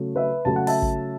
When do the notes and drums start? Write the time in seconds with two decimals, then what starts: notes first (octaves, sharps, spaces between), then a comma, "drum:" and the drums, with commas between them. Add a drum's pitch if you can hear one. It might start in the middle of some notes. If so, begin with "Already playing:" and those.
Already playing: C#3 F#3 A3
0.16 B4 E5
0.45 C#3 F#3 A3 A5
0.56 F#5
0.67 E5 A5, drum: open hi-hat
0.82 drum: kick